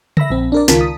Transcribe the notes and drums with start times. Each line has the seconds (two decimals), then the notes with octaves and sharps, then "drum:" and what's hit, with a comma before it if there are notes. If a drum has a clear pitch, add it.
0.17 E5 B5 E6 A#6, drum: tom C#3
0.30 A#1 C4
0.52 D4 A#4 D5
0.68 C#2 D#3 F4 A#4 A5 B6, drum: snare
0.81 D#6